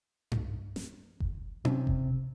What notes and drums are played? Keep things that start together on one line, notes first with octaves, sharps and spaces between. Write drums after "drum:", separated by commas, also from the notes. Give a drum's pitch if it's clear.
drum: tom G2
drum: snare
drum: kick F#1
C3, drum: tom C#4
drum: kick F#1